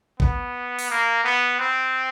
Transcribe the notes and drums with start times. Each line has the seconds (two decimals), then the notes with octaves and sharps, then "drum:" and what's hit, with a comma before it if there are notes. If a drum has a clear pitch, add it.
0.20 B3, drum: kick A1
0.79 drum: open hi-hat
0.90 A#3
1.24 B3
1.59 C4